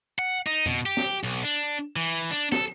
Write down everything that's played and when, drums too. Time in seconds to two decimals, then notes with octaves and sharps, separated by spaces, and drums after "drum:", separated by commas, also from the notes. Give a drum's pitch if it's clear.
0.19 F#5
0.47 D#4
0.66 B2, drum: tom F2
0.86 G4
0.97 drum: snare
1.24 B1
1.43 D4
1.96 E3
2.31 D4
2.52 A4, drum: snare